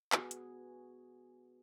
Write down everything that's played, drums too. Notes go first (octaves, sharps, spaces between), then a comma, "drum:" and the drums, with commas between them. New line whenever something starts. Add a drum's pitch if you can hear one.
B3 F#4 G#4, drum: clap
drum: hi-hat